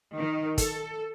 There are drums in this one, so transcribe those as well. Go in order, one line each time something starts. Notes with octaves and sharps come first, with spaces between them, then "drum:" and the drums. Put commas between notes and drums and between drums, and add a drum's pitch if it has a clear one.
D#3
A4, drum: kick, hi-hat